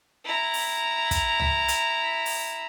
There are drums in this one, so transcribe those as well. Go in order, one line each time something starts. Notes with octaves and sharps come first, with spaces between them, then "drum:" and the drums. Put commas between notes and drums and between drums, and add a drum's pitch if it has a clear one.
E4 A#5
drum: open hi-hat
drum: kick, hi-hat
drum: tom C2
drum: hi-hat
drum: open hi-hat